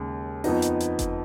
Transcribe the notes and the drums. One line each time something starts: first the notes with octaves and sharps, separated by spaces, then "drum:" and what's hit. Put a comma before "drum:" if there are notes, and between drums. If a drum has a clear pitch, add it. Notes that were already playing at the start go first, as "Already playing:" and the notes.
Already playing: D#2 C#3 G#3
F2 F3 B3 D#4, drum: open hi-hat
drum: hi-hat
drum: hi-hat
drum: kick F#1, hi-hat